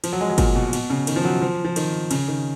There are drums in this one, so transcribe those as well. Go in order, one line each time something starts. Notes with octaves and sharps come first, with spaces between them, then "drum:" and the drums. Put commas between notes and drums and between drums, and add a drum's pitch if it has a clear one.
F3, drum: cymbal
F#3
G#3
F#3
A#2, drum: kick, cymbal
B2
B2, drum: cymbal
C#3
D#3, drum: cymbal
F3
F#3
F3
F3
D#3, drum: cymbal
C#3, drum: cymbal
D#3